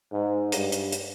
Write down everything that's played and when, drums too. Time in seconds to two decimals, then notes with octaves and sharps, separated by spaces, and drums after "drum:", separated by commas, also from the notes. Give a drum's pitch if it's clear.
0.12 G#2
0.52 G2, drum: hi-hat
0.72 drum: hi-hat
0.92 drum: hi-hat